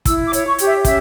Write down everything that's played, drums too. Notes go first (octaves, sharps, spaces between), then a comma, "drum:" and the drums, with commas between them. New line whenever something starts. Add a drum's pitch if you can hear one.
E4 E6, drum: kick, hi-hat
D6
C#5, drum: hi-hat
C#6
G4, drum: hi-hat
E5
C#4 E5, drum: kick, hi-hat